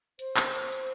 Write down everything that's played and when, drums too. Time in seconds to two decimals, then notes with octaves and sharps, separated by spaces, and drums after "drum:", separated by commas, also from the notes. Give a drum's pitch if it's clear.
0.19 C5, drum: hi-hat
0.37 drum: clap
0.55 drum: hi-hat
0.72 drum: hi-hat